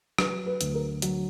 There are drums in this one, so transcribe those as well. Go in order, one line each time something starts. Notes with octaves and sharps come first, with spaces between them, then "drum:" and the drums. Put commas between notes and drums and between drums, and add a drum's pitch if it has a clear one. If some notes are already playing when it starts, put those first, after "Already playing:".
F#3 B4, drum: rim click
B4
D2, drum: hi-hat
A#4
F#3, drum: hi-hat